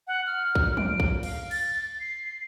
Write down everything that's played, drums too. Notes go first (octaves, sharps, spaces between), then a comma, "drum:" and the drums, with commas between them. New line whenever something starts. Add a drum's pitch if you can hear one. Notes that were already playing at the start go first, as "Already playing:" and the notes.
F#5
F6
drum: kick
D7, drum: tom
drum: kick
F5, drum: cymbal
A6, drum: cymbal
C7